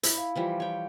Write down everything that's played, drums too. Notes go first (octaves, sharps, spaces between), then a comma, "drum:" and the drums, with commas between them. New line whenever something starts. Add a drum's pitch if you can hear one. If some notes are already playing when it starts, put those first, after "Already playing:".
E4, drum: hi-hat
F5
E3 F3 G3
C#5 G5